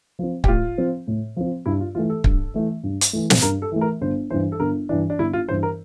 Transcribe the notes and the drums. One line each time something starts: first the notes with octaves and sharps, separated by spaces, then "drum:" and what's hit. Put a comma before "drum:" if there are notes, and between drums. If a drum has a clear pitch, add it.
F3 C4
G4, drum: kick
A2 F4
F3 C4
A2
F3 C4
G2 E4
F4
E3 A3 F4
A4
G2, drum: kick
E3 A3
G2
drum: hi-hat
E3 A3
drum: snare
G2 A#4
A4
E3 A3
A#4
G1 C5
G2 E3 C5
A4
G1 A#4
G2 E3 D4
D4
G1 E4
F4
G2 E3 C5
A#4